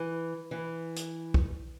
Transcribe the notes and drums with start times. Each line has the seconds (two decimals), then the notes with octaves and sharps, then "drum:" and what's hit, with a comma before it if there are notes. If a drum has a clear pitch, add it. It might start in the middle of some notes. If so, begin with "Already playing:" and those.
Already playing: E3
0.51 E3
0.96 drum: hi-hat
1.34 drum: kick B1